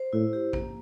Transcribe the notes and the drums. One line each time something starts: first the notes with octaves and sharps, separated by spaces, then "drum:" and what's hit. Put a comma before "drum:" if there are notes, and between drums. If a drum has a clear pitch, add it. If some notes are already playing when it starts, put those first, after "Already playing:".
Already playing: C5
A2 E4
G4
A#3, drum: kick A#1